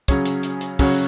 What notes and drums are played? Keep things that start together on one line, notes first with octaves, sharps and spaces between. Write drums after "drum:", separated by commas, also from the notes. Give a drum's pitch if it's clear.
C#3 F#3 C#4 G#4 C#5, drum: kick, hi-hat
drum: hi-hat
drum: hi-hat
drum: hi-hat
C#3 F#3 C#4 F#4 C#5, drum: kick, open hi-hat